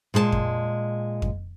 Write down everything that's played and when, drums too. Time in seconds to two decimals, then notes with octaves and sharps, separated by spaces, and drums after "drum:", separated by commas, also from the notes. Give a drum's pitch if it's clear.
0.14 A#2 G#3 B4 A5
0.32 drum: kick F2
1.22 drum: kick F2